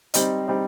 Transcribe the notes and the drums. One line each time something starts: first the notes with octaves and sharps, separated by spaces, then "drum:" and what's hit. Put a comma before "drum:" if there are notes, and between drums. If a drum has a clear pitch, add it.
G3 C4 D#4, drum: hi-hat
G3 C4 D#4